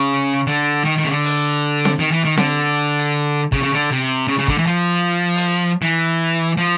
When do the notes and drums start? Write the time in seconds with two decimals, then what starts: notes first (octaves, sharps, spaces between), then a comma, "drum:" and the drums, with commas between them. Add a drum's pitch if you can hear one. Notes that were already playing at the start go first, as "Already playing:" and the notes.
Already playing: C#3
0.47 D3
0.84 D#3
0.98 D#3
1.05 C#3
1.10 D3
1.24 drum: open hi-hat
1.85 drum: snare C4
1.99 D#3
2.12 E3
2.24 D#3
2.37 D3, drum: snare C4
2.99 drum: hi-hat
3.52 C#3, drum: kick
3.63 C#3
3.72 D3
3.91 C3
4.28 C#3
4.38 C#3
4.48 D3, drum: kick
4.58 E3
4.66 F3
5.36 drum: open hi-hat
5.82 E3
6.57 F3